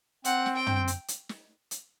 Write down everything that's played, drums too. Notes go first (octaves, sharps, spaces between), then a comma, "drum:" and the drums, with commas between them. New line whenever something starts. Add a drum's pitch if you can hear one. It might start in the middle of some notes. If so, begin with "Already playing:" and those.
C4 F#5, drum: hi-hat
drum: snare
G5
drum: tom
drum: hi-hat
drum: hi-hat
drum: snare
drum: hi-hat